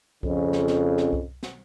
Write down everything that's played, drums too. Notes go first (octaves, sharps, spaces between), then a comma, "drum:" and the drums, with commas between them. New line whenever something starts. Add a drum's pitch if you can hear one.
F2 C#3, drum: kick C2
drum: snare
drum: snare
drum: snare
drum: kick C2
drum: snare